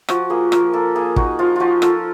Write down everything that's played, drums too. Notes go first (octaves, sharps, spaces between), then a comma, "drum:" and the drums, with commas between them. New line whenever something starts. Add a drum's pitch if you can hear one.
F3 F#4, drum: rim click
A#3 G#4
F3 A#4, drum: rim click
A#3 A4
A#3 G#4
D#4 F#4, drum: kick
F3 F4
F3 F4 F#4
F4 A4, drum: rim click